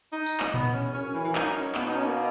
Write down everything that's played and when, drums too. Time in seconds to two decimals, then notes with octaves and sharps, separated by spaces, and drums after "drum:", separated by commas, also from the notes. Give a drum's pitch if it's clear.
0.12 D#4
0.26 drum: tambourine
0.40 drum: clap
0.54 E2 B3, drum: tom A#2
0.73 C#4
0.94 F#2 C#4
1.04 C#4
1.14 E3
1.25 E3
1.35 D#4, drum: clap
1.55 C#4
1.75 B2 B3, drum: clap
1.86 D#4
1.96 C#4
2.06 A#3